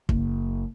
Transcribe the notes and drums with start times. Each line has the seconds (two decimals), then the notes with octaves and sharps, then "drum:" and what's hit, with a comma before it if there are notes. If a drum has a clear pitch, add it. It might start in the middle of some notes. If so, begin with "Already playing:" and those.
0.09 F#1, drum: kick